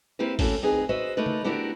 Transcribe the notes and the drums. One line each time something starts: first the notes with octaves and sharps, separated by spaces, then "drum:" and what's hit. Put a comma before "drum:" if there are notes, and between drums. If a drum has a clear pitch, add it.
A#3 C4 E4 G4 B4
A3 A#3 C#4 E4 F#4 A4, drum: kick, open hi-hat
D2 C4 D#4 G#4 B4
F#4 B4 C5 D#5 E5
A3 A#3 D#4 A4 B4
drum: tom C#3
B3 D4 E4 F#4 G4 A#4